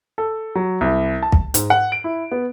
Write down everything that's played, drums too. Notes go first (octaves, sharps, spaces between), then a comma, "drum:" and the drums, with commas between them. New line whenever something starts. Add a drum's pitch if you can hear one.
A4
F#3
C2
A5
drum: kick
G#2, drum: hi-hat
F#5
D7
E4
B3